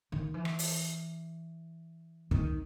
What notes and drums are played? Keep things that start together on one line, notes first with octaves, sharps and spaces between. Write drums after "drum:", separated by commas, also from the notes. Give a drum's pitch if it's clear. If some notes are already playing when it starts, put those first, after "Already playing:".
D#3
E3
drum: rim click
drum: open hi-hat
D#3, drum: kick